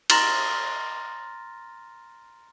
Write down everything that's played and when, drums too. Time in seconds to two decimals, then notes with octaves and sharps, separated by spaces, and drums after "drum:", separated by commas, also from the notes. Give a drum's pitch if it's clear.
0.10 A#5 C6 F6 A6 A#6, drum: cymbal